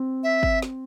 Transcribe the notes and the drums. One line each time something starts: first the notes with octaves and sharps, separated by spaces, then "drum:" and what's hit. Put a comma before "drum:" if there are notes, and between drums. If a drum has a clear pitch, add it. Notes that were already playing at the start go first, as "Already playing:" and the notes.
Already playing: C4
E5
drum: kick
drum: snare